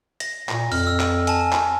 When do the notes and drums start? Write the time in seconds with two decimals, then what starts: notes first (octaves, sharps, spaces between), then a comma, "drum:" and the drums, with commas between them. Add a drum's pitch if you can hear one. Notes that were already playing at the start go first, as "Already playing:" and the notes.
0.20 A#6, drum: hi-hat
0.49 A#2, drum: clap
0.72 F2 F6, drum: open hi-hat
0.87 E6
1.00 drum: clap
1.27 G#5 A5, drum: hi-hat
1.53 drum: clap